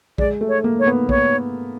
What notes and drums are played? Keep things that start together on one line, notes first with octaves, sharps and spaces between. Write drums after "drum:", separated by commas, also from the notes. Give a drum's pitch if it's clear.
G#3 D5, drum: kick
A3
C#5
A#3
C#5
B3
C#5, drum: kick